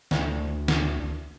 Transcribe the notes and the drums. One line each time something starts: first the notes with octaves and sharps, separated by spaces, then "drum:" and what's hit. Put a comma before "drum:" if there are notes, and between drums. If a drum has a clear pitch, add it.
D2, drum: snare
drum: snare